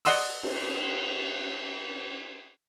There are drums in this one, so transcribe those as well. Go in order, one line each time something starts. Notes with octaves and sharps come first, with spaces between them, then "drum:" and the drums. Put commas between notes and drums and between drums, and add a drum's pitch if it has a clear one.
D5 D#5 F#5 C6 D#6 E6, drum: open hi-hat
drum: cymbal